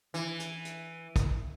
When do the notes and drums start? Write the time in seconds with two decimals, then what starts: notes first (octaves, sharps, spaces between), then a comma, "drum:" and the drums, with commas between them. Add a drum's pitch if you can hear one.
0.14 E3, drum: hi-hat
0.39 drum: hi-hat
0.65 drum: hi-hat
1.16 drum: kick, hi-hat